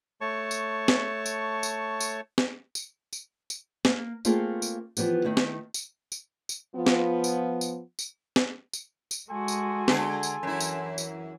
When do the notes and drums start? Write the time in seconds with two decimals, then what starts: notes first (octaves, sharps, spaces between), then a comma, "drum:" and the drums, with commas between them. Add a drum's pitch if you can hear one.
0.21 A3 C#5 A5 C#6
0.51 drum: tambourine
0.88 drum: snare
1.26 drum: tambourine
1.63 drum: tambourine
2.00 drum: tambourine
2.38 drum: snare
2.75 drum: tambourine
3.13 drum: tambourine
3.50 drum: tambourine
3.85 A#3, drum: snare
4.25 A3 A#3 C4 F4 G#4 A4, drum: tambourine
4.62 drum: tambourine
4.97 E3 F3 B3 G4, drum: tambourine
5.25 D#3 A3 E4
5.37 drum: snare
5.74 drum: tambourine
6.12 drum: tambourine
6.49 drum: tambourine
6.75 F3 B3 F4
6.87 drum: snare
7.24 drum: tambourine
7.61 drum: tambourine
7.99 drum: tambourine
8.36 drum: snare
8.73 drum: tambourine
9.11 drum: tambourine
9.30 G#3 F#4 A4 G#5 C6
9.48 drum: tambourine
9.88 D3 G#4, drum: snare
10.23 drum: tambourine
10.43 F#2 E3 E4
10.60 drum: tambourine
10.98 drum: tambourine